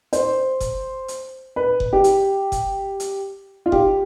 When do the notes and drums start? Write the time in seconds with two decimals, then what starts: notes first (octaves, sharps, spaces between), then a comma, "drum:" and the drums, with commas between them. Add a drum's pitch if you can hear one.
0.13 C5, drum: hi-hat
0.60 drum: kick F#1, hi-hat
1.08 drum: hi-hat
1.56 B4
1.80 drum: kick F#1
1.93 G4
2.04 drum: hi-hat
2.52 drum: kick F#1, hi-hat
3.00 drum: hi-hat
3.66 F4
3.72 G4, drum: kick F#1